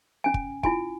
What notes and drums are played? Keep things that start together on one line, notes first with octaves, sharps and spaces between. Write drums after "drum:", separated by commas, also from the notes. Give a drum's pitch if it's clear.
C#4 G#5
drum: kick
E4 F4 G#5, drum: kick